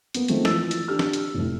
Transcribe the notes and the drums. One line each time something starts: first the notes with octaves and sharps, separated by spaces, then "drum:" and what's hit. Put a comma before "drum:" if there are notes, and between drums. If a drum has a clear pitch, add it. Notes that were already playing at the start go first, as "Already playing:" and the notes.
A#3 B3, drum: hi-hat
D#3 F3 G#3 A3 C4, drum: hi-hat
E3 F3 E6 A6, drum: snare
drum: hi-hat
D4 G4 F6
drum: snare
drum: hi-hat
F1 A2